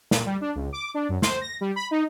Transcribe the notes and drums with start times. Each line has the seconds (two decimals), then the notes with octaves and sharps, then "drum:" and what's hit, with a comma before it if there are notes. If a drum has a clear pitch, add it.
0.11 A#2, drum: snare
0.26 G3
0.41 D4
0.55 C#2
0.73 D6
0.94 D4
1.09 F#2
1.22 C5, drum: snare
1.41 A#6
1.61 G3
1.76 B5
1.91 D#4